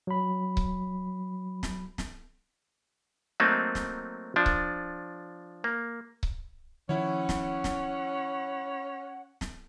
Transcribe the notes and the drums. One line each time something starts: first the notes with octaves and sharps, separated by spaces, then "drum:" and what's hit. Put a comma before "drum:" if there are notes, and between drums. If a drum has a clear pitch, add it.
F#3 B5
drum: kick C#1
drum: snare
drum: snare
F#3 A3 A#3 C4 D#4
drum: snare
F3 D4
drum: kick C#1
A#3
drum: kick C#1
D#3 F3 C#4 E4 C#5 F#5
drum: snare
drum: snare
drum: snare